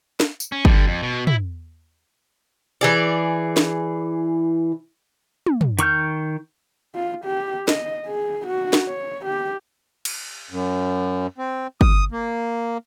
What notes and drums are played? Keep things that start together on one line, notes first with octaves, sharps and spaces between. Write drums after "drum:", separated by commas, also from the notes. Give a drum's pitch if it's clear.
drum: snare
drum: tambourine
C#4
D3 G3, drum: kick G1
F2
B2
E4, drum: tom
E3 G#4 D5
drum: snare
drum: tom
drum: tom
D#3 C#6 F6 G6, drum: hi-hat
F4
G4
D#5, drum: snare
G#4
F#4
drum: snare
C#5
G4
drum: cymbal
F#2
C4
D#6, drum: kick G1
A#3